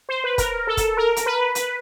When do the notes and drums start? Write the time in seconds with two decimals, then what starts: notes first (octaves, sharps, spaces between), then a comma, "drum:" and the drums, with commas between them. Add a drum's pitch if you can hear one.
0.09 C5
0.24 B4
0.38 A#4, drum: kick, hi-hat
0.67 A4
0.77 drum: kick, hi-hat
0.97 A#4
1.16 drum: hi-hat
1.26 B4
1.55 B4, drum: hi-hat